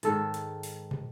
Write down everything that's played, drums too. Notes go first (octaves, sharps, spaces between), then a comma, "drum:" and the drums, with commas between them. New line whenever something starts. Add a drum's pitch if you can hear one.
G#2 D#3 A4, drum: hi-hat
drum: hi-hat
drum: open hi-hat
drum: tom